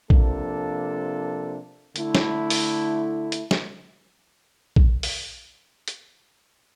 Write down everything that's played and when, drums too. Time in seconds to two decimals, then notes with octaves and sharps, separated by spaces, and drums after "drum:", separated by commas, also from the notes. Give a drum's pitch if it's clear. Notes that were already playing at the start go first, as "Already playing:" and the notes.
0.10 C3 F3 A#3 D4 A4, drum: kick A#1
1.96 D3 A3 E4, drum: hi-hat
2.15 drum: snare
2.50 drum: open hi-hat
3.32 drum: hi-hat
3.51 drum: snare
4.76 drum: kick A#1
5.03 drum: open hi-hat
5.88 drum: hi-hat